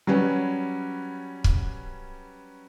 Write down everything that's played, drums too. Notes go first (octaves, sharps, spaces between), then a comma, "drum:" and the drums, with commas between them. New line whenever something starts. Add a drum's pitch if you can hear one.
F#3 G3 C#4 B4
drum: kick